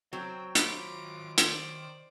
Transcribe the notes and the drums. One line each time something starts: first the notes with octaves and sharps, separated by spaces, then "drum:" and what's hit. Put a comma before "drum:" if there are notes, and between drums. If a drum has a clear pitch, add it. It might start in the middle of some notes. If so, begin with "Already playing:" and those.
F#3 C4 G5
D#3 F4 B5 D6, drum: hi-hat
C5 D5, drum: hi-hat